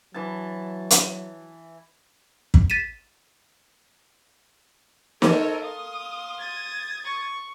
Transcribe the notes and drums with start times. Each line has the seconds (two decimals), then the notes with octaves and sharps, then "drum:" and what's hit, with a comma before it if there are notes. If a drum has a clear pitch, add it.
0.14 E3 F#3 A5
0.90 drum: hi-hat
2.54 drum: kick
2.70 A6 B6 D#7 E7
5.22 A4 A#4 C5 C#5 D#7, drum: snare
5.61 F5 C6 D#6
6.40 D#6 G#6 A6
7.04 C#6